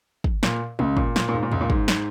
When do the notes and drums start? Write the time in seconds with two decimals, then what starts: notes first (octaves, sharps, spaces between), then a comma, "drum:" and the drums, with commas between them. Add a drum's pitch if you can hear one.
0.24 drum: kick
0.43 A#2, drum: snare
0.79 C#2 C#3, drum: tom G#3
0.97 A#2, drum: kick
1.16 A#2, drum: snare
1.29 A#2
1.34 G#2
1.43 A#2
1.52 C#2 C#3, drum: tom E2
1.61 A#2
1.70 G#2, drum: kick
1.88 drum: snare